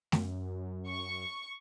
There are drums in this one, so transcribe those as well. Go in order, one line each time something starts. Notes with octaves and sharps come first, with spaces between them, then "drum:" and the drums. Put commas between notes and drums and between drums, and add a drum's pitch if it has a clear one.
F#2, drum: snare A3
C#6